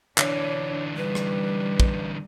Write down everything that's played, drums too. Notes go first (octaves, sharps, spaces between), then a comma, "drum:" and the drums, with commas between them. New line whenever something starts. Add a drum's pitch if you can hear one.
D3 E3 D4 C#5, drum: clap
G3 B4
drum: rim click
drum: kick